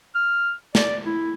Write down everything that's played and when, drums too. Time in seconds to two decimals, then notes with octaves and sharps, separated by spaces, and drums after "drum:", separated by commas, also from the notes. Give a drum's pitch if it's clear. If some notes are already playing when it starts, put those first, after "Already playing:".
0.15 F6
0.75 D5, drum: snare
1.06 E4